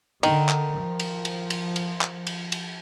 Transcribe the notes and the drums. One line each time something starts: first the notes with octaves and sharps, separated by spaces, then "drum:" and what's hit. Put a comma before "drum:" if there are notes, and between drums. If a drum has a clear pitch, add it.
D3 D#3, drum: cymbal
drum: clap
F3
drum: cymbal
drum: cymbal
drum: cymbal
drum: cymbal
drum: clap
drum: cymbal
drum: cymbal